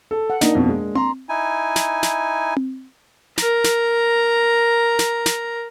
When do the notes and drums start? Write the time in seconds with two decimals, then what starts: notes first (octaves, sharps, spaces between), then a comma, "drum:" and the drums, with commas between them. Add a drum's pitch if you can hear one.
0.11 A4
0.30 F#5
0.41 A#3 D4 D#4 F5, drum: snare
0.55 F2 B2
0.69 G#3
0.95 A#5 C6, drum: tom C4
1.29 D#4 E4 G#5
1.76 drum: snare
2.03 drum: snare
2.57 drum: tom C4
3.38 A#4 A#5, drum: snare
3.64 drum: snare
4.99 drum: snare
5.26 drum: snare